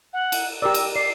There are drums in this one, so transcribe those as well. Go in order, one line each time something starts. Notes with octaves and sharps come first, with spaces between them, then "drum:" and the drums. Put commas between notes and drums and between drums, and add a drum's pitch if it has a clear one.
F#5
drum: cymbal
G4 A#4 D5 E6
drum: cymbal
D5 C7